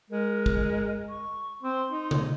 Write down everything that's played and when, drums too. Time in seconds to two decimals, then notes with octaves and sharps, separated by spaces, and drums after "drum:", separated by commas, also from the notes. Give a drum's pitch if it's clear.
0.10 G#3 A#4
0.46 drum: kick
1.09 C#6
1.63 C4 C6
1.91 D#4
2.11 drum: tom C3